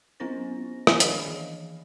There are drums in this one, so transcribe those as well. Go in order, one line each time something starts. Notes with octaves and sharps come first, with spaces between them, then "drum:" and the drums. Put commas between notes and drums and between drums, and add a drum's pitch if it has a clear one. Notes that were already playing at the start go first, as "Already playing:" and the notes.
F#3 B3 C#4 E4 C5 A#6
D#3 F3 C#5 F5 G#5, drum: rim click
D4 G#4 D#5 F5, drum: hi-hat
E3